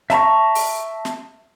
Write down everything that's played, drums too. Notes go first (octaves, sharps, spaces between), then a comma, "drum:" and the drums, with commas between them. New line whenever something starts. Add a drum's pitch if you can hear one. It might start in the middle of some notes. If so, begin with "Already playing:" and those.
E5 A5 A#5 C#6, drum: snare
drum: open hi-hat
drum: snare